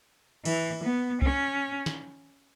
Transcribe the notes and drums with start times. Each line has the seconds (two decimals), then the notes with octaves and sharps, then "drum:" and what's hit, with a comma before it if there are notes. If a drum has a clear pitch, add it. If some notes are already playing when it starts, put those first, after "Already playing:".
0.45 E3, drum: cymbal
0.83 B3
1.22 C#4, drum: kick C2
1.86 drum: snare